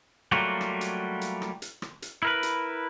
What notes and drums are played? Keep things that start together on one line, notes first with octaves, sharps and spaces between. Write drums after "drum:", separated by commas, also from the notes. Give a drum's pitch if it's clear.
F#3 G3 A3 A#3 F4 F#4
drum: rim click
drum: hi-hat
drum: hi-hat
drum: rim click
drum: hi-hat
drum: rim click
drum: hi-hat
E4 A#4 B4
drum: hi-hat